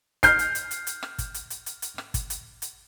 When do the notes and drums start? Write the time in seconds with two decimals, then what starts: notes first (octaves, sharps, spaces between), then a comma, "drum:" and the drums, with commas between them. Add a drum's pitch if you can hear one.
0.23 F6 G6 C7, drum: kick, hi-hat
0.39 drum: hi-hat
0.55 drum: hi-hat
0.71 drum: hi-hat
0.87 drum: hi-hat
1.03 drum: rim click
1.18 drum: kick, hi-hat
1.34 drum: hi-hat
1.50 drum: hi-hat
1.66 drum: hi-hat
1.82 drum: hi-hat
1.98 drum: rim click
2.14 drum: kick, hi-hat
2.30 drum: hi-hat
2.62 drum: hi-hat